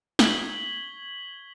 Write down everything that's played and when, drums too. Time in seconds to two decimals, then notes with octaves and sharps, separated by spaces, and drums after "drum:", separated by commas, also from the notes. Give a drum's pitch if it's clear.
0.19 C#6 G#6 B6 F#7 G7, drum: snare